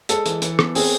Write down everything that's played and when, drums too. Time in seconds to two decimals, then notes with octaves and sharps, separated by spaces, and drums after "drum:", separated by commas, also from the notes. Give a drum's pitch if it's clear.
0.09 G#3 A4, drum: hi-hat
0.26 E3, drum: hi-hat
0.42 E3, drum: hi-hat
0.59 B3, drum: rim click
0.75 C4 G#4, drum: open hi-hat